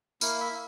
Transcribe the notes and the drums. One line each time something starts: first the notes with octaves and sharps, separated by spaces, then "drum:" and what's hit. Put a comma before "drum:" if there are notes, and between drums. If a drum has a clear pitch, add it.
A#3 E4 F5, drum: tambourine
E5